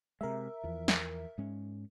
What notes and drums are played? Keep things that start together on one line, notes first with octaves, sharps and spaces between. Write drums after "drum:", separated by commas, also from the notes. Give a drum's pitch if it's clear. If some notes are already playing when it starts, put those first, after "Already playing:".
C3 G#3 A#4 E5
E2 F3
drum: snare
G#2 G#3 C#4